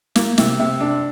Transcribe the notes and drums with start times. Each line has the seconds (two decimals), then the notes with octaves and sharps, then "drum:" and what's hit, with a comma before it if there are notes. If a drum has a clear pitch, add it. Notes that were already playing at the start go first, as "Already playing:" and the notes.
0.16 A#3, drum: snare
0.38 C3, drum: snare
0.60 C3
0.81 D4